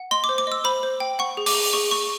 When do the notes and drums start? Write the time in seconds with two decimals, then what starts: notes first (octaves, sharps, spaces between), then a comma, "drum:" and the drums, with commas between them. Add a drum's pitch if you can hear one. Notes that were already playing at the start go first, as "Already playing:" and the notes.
Already playing: F#5
0.11 D#5 C6
0.24 D6
0.29 C5
0.38 D6
0.47 D#5 E6
0.64 C5 B5
0.83 C5
1.00 G5
1.19 F#5 C#6
1.37 G#4
1.46 D6, drum: open hi-hat
1.55 G#4
1.73 G#4 C#6
1.91 G#4 C#6